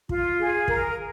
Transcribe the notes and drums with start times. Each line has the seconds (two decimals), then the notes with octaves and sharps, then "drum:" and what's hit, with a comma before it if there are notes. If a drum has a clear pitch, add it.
0.09 F4, drum: kick
0.39 G#4
0.68 A#4, drum: kick